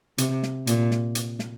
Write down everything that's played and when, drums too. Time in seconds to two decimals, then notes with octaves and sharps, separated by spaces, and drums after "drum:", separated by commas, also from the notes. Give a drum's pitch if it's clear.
0.18 C3, drum: hi-hat
0.43 drum: snare
0.67 A#2, drum: hi-hat
0.91 drum: snare
1.15 drum: hi-hat
1.39 drum: snare